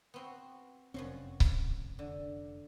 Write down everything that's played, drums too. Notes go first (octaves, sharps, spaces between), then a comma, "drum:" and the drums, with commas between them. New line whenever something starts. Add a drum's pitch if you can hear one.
B3 C4 F#4
F1 F#2 F3 F#3 C4
drum: kick C#1
D3